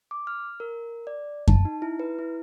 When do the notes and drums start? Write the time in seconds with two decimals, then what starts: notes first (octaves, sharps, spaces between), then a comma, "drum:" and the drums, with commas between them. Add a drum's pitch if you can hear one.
0.11 D6
0.27 F6
0.60 A#4
1.07 D5
1.48 A5, drum: kick F#2
1.65 D#4
1.82 E4
2.00 B4
2.19 E4